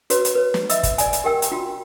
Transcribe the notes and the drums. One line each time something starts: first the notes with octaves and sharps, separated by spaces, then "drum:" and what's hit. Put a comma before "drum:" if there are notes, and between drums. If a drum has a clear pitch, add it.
F#4 B4 C#5, drum: hi-hat
drum: hi-hat
B4 C#5
drum: snare
D#5 E5 E6, drum: hi-hat
drum: kick, hi-hat
D5 G#5, drum: hi-hat
drum: hi-hat
G4 A#4 G5 E6
drum: hi-hat
F4 F#4 G5